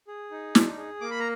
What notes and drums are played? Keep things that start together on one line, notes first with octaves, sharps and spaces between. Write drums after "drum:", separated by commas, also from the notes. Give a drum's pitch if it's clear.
G#4
D#4
D4, drum: snare
G#4
A#3 D6
B5
A#5